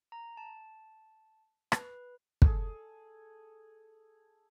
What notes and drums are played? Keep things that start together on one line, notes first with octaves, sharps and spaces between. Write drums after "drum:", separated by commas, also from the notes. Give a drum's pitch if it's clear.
A#5
A5
B4, drum: rim click
G#4 A4, drum: kick